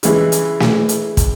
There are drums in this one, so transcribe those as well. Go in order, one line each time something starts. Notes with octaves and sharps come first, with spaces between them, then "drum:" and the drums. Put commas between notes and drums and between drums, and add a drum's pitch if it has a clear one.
C#3 E3 G#3, drum: hi-hat
drum: hi-hat
drum: snare
drum: hi-hat
drum: kick, hi-hat